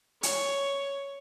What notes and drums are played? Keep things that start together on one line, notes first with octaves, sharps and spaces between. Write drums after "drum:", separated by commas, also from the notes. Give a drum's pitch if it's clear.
C#5, drum: hi-hat